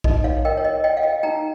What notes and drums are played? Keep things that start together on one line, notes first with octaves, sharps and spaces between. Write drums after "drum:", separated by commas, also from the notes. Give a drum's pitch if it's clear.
D#4 D#5, drum: kick A#1
C#5 F5
A#4 D#5 G5
C#5
D#5
C#5 D#5 G5
F5
D#5 G5
D#4 G5 A#5